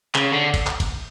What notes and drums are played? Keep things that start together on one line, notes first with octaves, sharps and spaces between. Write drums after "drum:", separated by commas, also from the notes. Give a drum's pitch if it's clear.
C#3, drum: clap
D3
drum: kick, cymbal
drum: clap
drum: kick, cymbal